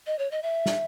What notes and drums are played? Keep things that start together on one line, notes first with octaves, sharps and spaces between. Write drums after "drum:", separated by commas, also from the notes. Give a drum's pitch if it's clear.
D#5
C#5
D#5
E5
drum: snare